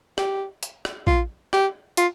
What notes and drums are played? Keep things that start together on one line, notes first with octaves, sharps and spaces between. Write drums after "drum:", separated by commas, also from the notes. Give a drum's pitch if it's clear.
G4, drum: rim click
drum: hi-hat
drum: rim click
F4, drum: kick A#1
G4, drum: rim click
F4, drum: hi-hat